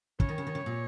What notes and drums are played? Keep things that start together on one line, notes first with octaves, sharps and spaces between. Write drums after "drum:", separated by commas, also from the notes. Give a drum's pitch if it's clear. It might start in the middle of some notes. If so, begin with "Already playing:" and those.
C#3 C#5, drum: kick
D#3
C#3
D#3
C#3
A#2